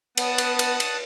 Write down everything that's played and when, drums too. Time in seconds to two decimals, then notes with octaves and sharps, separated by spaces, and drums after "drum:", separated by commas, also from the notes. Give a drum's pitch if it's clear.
0.17 B3 F#5 A5 D#6, drum: cymbal
0.38 drum: cymbal
0.59 drum: cymbal
0.80 drum: cymbal